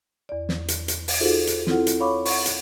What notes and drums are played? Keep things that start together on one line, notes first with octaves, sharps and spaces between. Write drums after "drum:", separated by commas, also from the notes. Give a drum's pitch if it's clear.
E2 D5
drum: snare
drum: hi-hat
drum: hi-hat
drum: open hi-hat
D#4 F4 F#4 G#4 A4 C5
drum: hi-hat
C4 E4 F4 A4 F#5, drum: snare
drum: hi-hat
C#5 F5 B5 C#6 D6
F#5 C#6, drum: open hi-hat
drum: hi-hat